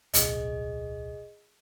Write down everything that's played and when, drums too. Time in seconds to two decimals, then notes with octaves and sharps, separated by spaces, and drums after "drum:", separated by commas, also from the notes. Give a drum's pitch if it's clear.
0.14 D1 B1 G#4 D#5, drum: hi-hat